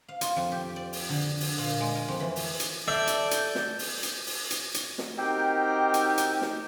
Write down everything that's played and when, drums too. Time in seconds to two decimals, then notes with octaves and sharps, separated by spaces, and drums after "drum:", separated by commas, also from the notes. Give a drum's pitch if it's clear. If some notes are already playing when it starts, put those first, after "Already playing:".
0.08 F5
0.21 F4, drum: hi-hat
0.36 F2
0.52 G4
0.76 D5
0.93 drum: open hi-hat
1.09 D3
1.40 drum: open hi-hat
1.58 A#2
1.80 G#3
1.95 A#4
2.08 F2
2.20 E3
2.36 drum: open hi-hat
2.60 drum: hi-hat
2.88 A4 D5 E5 G6
3.07 drum: hi-hat
3.31 drum: hi-hat
3.55 drum: snare
3.79 drum: open hi-hat
4.03 drum: hi-hat
4.27 drum: open hi-hat
4.51 drum: hi-hat
4.74 drum: hi-hat
4.98 drum: snare
5.18 C4 D#4 F#4 G4 A#4 G5
5.94 drum: hi-hat
6.18 drum: hi-hat
6.41 drum: snare